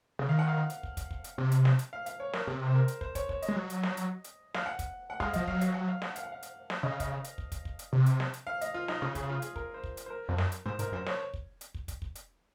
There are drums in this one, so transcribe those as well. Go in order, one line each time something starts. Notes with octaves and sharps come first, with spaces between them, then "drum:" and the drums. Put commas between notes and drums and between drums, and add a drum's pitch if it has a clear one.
C#3
D#3 F5
F#5
F5
drum: hi-hat
drum: kick
drum: kick, hi-hat
drum: kick
drum: hi-hat
C3
drum: hi-hat
drum: snare
drum: hi-hat
F5
F5, drum: hi-hat
C#5
A#4, drum: snare
C3 G#4
C5
A#4
drum: hi-hat
C5, drum: kick
C#5, drum: kick, hi-hat
C#5, drum: kick
D#5, drum: hi-hat
G#3
F#3
drum: hi-hat
drum: snare
drum: hi-hat
drum: hi-hat
F5, drum: snare
F#5
drum: kick, hi-hat
F#5
G#3 F5, drum: kick
F3 D#5, drum: kick, hi-hat
F#3 F5, drum: kick
F5, drum: hi-hat
F#5
F5
F#5, drum: snare
F5, drum: hi-hat
F#5
F5
drum: hi-hat
drum: snare
C#3 D#5
F5
D#5, drum: kick, hi-hat
drum: hi-hat
drum: kick
drum: kick, hi-hat
drum: kick
drum: hi-hat
C3
drum: hi-hat
drum: snare
drum: hi-hat
F5
D#5, drum: hi-hat
F4
D#4, drum: snare
C#3 F4
G#4, drum: kick, hi-hat
F4
G#4, drum: hi-hat
A#4, drum: kick
C5
drum: kick
drum: hi-hat
C5
A#4
F2
F#2, drum: snare
drum: hi-hat
G#2 C5
G#2 A#4, drum: hi-hat
F#2 C5
C#5, drum: snare
drum: kick
drum: hi-hat
drum: kick
drum: kick, hi-hat
drum: kick
drum: hi-hat